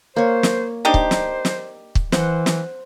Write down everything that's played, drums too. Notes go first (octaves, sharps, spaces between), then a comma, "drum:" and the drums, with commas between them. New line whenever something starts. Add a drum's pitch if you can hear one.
A#3 C5 C#5
drum: snare
D4 D#4 G4 C5
drum: kick
drum: snare
drum: snare
drum: kick
E3 C5 F#5, drum: snare
drum: snare